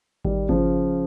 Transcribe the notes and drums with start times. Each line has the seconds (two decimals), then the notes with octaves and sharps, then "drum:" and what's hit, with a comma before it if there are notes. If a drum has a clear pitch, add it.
0.25 D#3 G3, drum: kick G#1
0.49 C#3 F3, drum: kick G#1